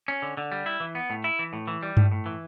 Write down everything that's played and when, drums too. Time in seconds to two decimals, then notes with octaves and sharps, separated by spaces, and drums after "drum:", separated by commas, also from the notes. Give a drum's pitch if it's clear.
0.08 C#4
0.22 D3
0.37 D3
0.52 G3
0.66 E4
0.80 E3
0.95 B3
1.10 A2
1.24 E4
1.39 E3
1.53 A2
1.67 E3
1.83 G3
1.97 A2, drum: tom G2
2.12 A2
2.26 E3